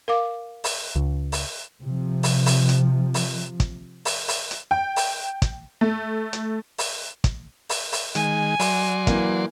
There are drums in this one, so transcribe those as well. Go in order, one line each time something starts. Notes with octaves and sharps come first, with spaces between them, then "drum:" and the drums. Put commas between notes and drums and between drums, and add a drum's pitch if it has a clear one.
A#4 F5 D6
drum: open hi-hat
C#2
drum: open hi-hat
C3 F3
drum: open hi-hat
drum: open hi-hat
drum: hi-hat
drum: open hi-hat
drum: kick, hi-hat
drum: open hi-hat
drum: open hi-hat
drum: hi-hat
G5
drum: open hi-hat
drum: kick, hi-hat
A3
drum: hi-hat
drum: open hi-hat
drum: kick, hi-hat
drum: open hi-hat
drum: open hi-hat
D#3 G#3 G#5, drum: hi-hat
F#3 D5 C6, drum: open hi-hat
E3 A#3, drum: kick, hi-hat